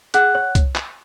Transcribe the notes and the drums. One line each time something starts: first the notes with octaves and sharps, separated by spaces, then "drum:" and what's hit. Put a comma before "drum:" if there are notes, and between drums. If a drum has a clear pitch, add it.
G#4 F#5 F#6, drum: hi-hat
C#5
drum: kick, hi-hat
drum: clap